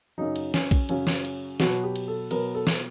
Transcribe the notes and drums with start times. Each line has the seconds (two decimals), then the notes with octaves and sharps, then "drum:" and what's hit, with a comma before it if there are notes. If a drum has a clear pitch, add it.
0.18 F#2 C#3 F#3 D#4
0.36 drum: cymbal
0.54 C#4, drum: snare
0.71 drum: kick A#1, cymbal
0.89 F#2 C#3 F#3 C#4, drum: cymbal
1.07 drum: snare
1.25 drum: cymbal
1.60 B2 F#3 B3 F#4, drum: snare
1.83 G4
1.96 drum: cymbal
2.08 A4
2.31 B2 F#3 B3 A#4, drum: cymbal
2.55 A4
2.67 drum: snare